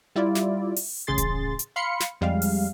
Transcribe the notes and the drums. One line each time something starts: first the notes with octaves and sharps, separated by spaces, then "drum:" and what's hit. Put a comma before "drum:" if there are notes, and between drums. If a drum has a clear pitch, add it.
G3 E4 F4 D5
drum: snare
drum: open hi-hat
A1 C#3 G#4 C6 A6
drum: kick D#1, hi-hat
drum: hi-hat
F5 B5 C6 C#7
drum: snare
F2 G3 G#3 F5
drum: open hi-hat